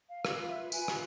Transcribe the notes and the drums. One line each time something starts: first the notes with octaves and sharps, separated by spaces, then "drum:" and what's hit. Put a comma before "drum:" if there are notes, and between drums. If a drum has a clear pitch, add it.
F5
F4 B4 F5, drum: rim click
E5
F4 B4 G#5, drum: tambourine
drum: rim click